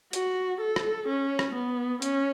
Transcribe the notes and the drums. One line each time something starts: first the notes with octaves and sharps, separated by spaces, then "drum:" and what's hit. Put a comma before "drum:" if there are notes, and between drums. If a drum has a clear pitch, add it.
F#4, drum: hi-hat
A4
drum: rim click
C#4
drum: rim click
B3
C#4, drum: hi-hat